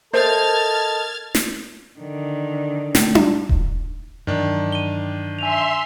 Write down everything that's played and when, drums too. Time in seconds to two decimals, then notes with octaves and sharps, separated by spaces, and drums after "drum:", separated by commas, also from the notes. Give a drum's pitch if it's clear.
0.14 A4 A#4 C5 D#5 A5 F6 G#6 A6
1.35 drum: snare
1.99 D3 D#3
2.95 A2, drum: snare
3.15 drum: tom D4
3.49 drum: kick D#1
4.27 G2 D#3 E3 F#3 D4
4.72 D#7 G7
5.39 E5 G#5 C6 D#7 F7